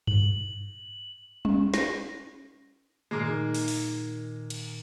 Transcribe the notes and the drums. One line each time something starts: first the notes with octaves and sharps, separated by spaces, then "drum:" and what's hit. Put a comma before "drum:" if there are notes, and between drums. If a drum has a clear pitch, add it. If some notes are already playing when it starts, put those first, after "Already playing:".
F#7, drum: tom G2
C#4, drum: tom
A#6, drum: snare
A#2 D#3 G#3 A#3
drum: open hi-hat
drum: open hi-hat
drum: cymbal